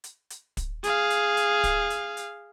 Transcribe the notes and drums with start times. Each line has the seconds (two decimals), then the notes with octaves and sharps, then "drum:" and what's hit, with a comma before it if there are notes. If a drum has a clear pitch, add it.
0.04 drum: hi-hat
0.30 drum: hi-hat
0.57 drum: kick, hi-hat
0.84 G#4 F5, drum: hi-hat
1.10 drum: hi-hat
1.37 drum: hi-hat
1.64 drum: kick, hi-hat
1.90 drum: hi-hat
2.17 drum: hi-hat